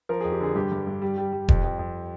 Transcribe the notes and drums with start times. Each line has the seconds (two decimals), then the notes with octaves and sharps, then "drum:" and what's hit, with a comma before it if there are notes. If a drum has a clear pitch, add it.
0.09 F3 A#4
0.21 F2 G#4
0.32 G4
0.40 D3 G#4
0.56 G2 G4
0.72 G2
0.87 G2
1.02 G3
1.17 G3
1.33 G3
1.48 F2, drum: kick E1
1.64 F2
1.79 F2